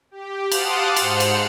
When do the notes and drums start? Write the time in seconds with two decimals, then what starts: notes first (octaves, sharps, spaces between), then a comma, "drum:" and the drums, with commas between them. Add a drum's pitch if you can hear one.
0.11 G4
0.52 F5 F#5 A5 C6 D6 D#6, drum: cymbal
0.96 G#2 C5 C#7, drum: cymbal
1.20 drum: cymbal